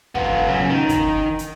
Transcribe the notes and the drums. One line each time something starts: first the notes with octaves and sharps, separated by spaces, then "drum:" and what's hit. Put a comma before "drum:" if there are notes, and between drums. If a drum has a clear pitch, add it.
B3 F4, drum: kick
C#3 F#3
D#3
drum: kick, hi-hat
drum: hi-hat